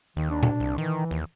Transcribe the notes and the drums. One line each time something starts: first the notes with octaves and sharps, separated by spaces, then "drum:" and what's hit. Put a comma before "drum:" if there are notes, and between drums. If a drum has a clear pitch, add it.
D#2 D#3
D4
drum: tom A#2
C2
D#3 E3
D#2